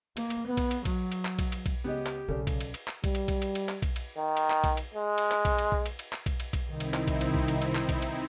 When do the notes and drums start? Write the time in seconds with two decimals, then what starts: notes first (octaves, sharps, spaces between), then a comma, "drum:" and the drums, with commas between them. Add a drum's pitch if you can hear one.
0.17 A#3, drum: cymbal
0.30 drum: cymbal
0.47 B3
0.57 drum: kick B1, cymbal
0.71 drum: cymbal
0.85 F#3, drum: kick B1, cymbal
1.12 drum: cymbal
1.25 drum: clap
1.39 drum: kick B1, cymbal
1.52 drum: cymbal
1.66 drum: kick B1, cymbal
1.84 C#2 B3 C#4 G4 D#5
2.06 drum: clap
2.29 B1 C#3 C#4 A4 D5
2.47 drum: kick B1, cymbal
2.60 drum: cymbal
2.74 drum: cymbal
2.88 drum: clap
3.04 G3, drum: kick B1, cymbal
3.15 drum: cymbal
3.28 drum: kick B1, cymbal
3.42 drum: cymbal
3.55 drum: cymbal
3.69 drum: clap
3.82 drum: kick B1, cymbal
3.96 drum: cymbal
4.17 D#3
4.37 drum: cymbal
4.50 drum: clap
4.64 drum: kick B1, cymbal
4.77 drum: cymbal
4.94 G#3
5.18 drum: cymbal
5.31 drum: clap
5.45 drum: kick B1, cymbal
5.58 drum: cymbal
5.72 drum: kick B1
5.86 drum: cymbal
5.99 drum: cymbal
6.13 drum: clap
6.26 drum: kick B1, cymbal
6.40 drum: cymbal
6.53 drum: kick B1, cymbal
6.70 C2 D#3 C4 D#4 E4
6.80 drum: cymbal
6.94 drum: clap
7.07 drum: kick B1, cymbal
7.21 drum: cymbal
7.35 drum: kick B1
7.48 drum: cymbal
7.62 drum: cymbal
7.75 drum: clap
7.89 drum: kick B1, cymbal
8.02 drum: cymbal